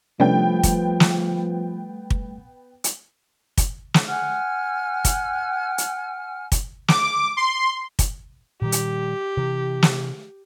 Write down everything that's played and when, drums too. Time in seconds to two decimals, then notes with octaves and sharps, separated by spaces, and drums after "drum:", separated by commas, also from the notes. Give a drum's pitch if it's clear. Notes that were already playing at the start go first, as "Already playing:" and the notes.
0.20 C3 F3 G3 A3 B3 C#4 D4 G5
0.63 drum: kick, hi-hat
1.00 drum: snare
2.10 drum: kick
2.84 drum: hi-hat
3.58 drum: kick, hi-hat
3.94 drum: snare
4.06 F#5 G#5 F6
5.05 drum: kick, hi-hat
5.78 drum: hi-hat
6.52 drum: kick, hi-hat
6.88 D6, drum: snare
7.37 C6
7.99 drum: kick, hi-hat
8.62 A#2 D#3 G3 G4
8.72 drum: hi-hat
9.37 C3 E3
9.83 drum: snare